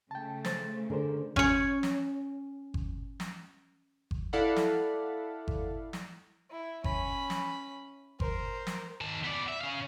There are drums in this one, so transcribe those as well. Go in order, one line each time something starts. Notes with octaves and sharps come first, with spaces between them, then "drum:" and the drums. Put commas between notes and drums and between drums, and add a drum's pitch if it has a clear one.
C#3 A3 G5 A5
C5 A6, drum: snare
D3 G#4 A#4 C5
C#4 C#5, drum: kick G1
drum: snare
drum: kick G1
drum: snare
drum: kick G1
E4 A4 D5 F5 F#5 B5
drum: snare
drum: kick G1
drum: snare
E4
C#4 B5, drum: kick G1
drum: snare
A#4 C5, drum: kick G1
drum: snare
D#3 A5
B3 D5
E5
C#4 F5